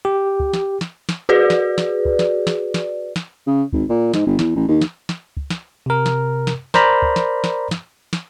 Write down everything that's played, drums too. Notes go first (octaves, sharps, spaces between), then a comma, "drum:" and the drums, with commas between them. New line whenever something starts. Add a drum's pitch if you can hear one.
G4
drum: kick
drum: snare
drum: snare
drum: snare
F#4 G#4 B4 D5
drum: snare
drum: snare
drum: kick
drum: snare
drum: snare
drum: snare
drum: snare
C#3
G#1, drum: kick
A#2
G#2, drum: snare
G1
E2, drum: snare
A1
D#2
drum: snare
drum: snare
drum: kick
drum: snare
C3 A#4
drum: snare
drum: snare
A#4 C5 D5 A#5 B5, drum: snare
drum: kick
drum: snare
drum: snare
drum: snare
drum: snare